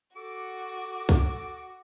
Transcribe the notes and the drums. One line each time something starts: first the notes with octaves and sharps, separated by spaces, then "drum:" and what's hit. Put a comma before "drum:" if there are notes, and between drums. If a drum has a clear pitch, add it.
F#4 A4 D6
drum: kick